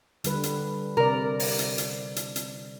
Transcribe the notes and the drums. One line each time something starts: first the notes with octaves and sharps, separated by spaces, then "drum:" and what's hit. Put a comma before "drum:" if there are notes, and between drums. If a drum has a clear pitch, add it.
D3 G3 B4, drum: hi-hat
drum: hi-hat
C3 A#4 D5
drum: open hi-hat
drum: hi-hat
drum: hi-hat
drum: hi-hat
drum: hi-hat